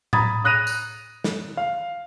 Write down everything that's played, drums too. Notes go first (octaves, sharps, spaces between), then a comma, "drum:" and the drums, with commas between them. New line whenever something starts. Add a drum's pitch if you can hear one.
A#5 B5 D#6 G#6 A6, drum: tom A2
D#6 F#6 A#6 D#7 F7
drum: tambourine
drum: snare
F5